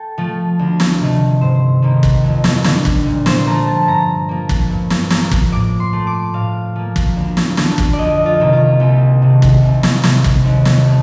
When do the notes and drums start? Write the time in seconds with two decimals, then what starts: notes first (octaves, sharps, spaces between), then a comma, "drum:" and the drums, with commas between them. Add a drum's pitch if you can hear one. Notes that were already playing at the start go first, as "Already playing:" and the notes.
Already playing: A4 G5
0.18 F3 A3
0.59 D2
0.80 drum: snare
1.00 C3 D#3 A3
1.41 G2 C5
1.82 D#3 G3 A#3
2.03 drum: kick
2.23 F2
2.44 drum: snare
2.64 D3 G3, drum: snare
2.85 drum: kick
3.06 A#2
3.26 C5, drum: snare
3.46 F3 A3 A#5
3.68 A5
3.87 G2 A#5
4.29 F3 A#3
4.49 drum: kick
4.70 G2
4.90 drum: snare
5.10 F3 A#3, drum: snare
5.31 drum: kick
5.51 A2 D6
5.80 C6
5.93 A3
6.07 D6
6.34 A2 F5
6.76 F3 A#3
6.96 drum: kick
7.16 D2
7.37 drum: snare
7.57 D3 A3, drum: snare
7.78 drum: kick
7.93 D5
7.99 F2 D#5
8.26 F4
8.40 C3 D#3 A#3
8.53 F4
8.80 C2 G4
9.22 C3 D#3 A3
9.42 drum: kick
9.63 C2
9.83 drum: snare
10.04 C3 G3, drum: snare
10.24 drum: kick
10.44 D#2
10.65 drum: snare
10.85 A3